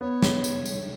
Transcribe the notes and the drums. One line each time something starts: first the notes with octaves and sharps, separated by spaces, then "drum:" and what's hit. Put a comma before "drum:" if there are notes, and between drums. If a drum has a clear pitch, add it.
B3 C#5
drum: snare
drum: tambourine
drum: tambourine